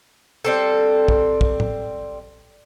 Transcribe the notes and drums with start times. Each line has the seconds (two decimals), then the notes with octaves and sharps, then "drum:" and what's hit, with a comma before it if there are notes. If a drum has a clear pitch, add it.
0.45 G3 C4 A4
1.08 drum: kick
1.41 drum: kick
1.60 drum: tom A2